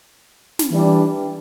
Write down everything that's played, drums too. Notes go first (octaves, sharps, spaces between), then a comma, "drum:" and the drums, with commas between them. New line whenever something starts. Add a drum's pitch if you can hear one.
drum: snare
E3 G3 D4